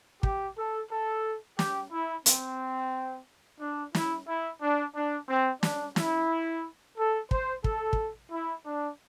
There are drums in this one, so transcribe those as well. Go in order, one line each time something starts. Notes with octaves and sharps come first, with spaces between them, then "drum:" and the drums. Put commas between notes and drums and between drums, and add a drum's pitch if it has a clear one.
G4, drum: kick
A4
A4
G4, drum: snare
E4
C4, drum: hi-hat
D4
E4, drum: snare
E4
D4
D4
C4
D4, drum: snare
E4, drum: snare
A4
C5, drum: kick
A4, drum: kick
drum: kick
E4
D4